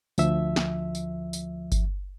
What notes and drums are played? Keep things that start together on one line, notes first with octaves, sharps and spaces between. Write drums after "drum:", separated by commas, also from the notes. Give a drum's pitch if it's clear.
D2 F3 E5, drum: tambourine
drum: snare
drum: tambourine
drum: tambourine
drum: kick G1, tambourine